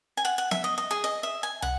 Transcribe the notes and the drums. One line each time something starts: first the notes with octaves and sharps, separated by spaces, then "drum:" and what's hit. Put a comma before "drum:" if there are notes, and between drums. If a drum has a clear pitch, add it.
G#5
F#5
F#5
E5, drum: snare B3
D#5
D#5
G#4
D#5
E5
G#5
F#5, drum: tom